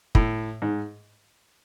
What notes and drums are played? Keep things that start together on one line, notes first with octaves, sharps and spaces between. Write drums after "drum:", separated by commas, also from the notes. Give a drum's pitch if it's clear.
A2, drum: kick
G#2